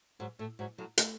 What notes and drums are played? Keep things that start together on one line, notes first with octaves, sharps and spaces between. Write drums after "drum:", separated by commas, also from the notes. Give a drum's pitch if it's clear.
G#2 F#3
A2 A3
G#2 F#3
A2 F#3
A3, drum: hi-hat